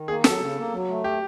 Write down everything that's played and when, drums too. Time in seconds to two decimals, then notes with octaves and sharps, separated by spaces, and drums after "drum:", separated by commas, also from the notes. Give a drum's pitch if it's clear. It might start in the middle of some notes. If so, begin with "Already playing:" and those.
Already playing: D#3
0.08 A#3 G#4
0.24 F#3 A4, drum: snare
0.40 C#3
0.57 A#3
0.72 F#3
0.88 A3
1.04 G4